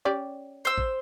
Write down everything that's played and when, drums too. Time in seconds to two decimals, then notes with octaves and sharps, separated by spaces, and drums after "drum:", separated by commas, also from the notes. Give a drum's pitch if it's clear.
0.05 C#4 G4 D5
0.65 C5 E6
0.78 drum: kick A1